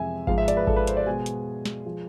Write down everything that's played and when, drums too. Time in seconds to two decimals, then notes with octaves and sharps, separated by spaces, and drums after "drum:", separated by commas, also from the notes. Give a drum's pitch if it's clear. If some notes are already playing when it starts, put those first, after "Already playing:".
Already playing: F2 C3 E3 G#3 E5 G#5
0.27 G#2 F3 G#3 F5, drum: kick G#1
0.38 E5
0.48 D5, drum: hi-hat
0.57 B4
0.67 A4, drum: kick G#1
0.76 B4
0.87 C5, drum: hi-hat
0.97 D5
1.06 B2 G#3 G#5
1.26 drum: hi-hat
1.66 drum: snare
1.86 F3 G#3